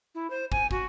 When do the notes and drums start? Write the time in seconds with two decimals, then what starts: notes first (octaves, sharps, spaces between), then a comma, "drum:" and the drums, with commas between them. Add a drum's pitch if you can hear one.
0.15 E4
0.30 C5
0.52 G#5, drum: kick
0.71 F#4, drum: kick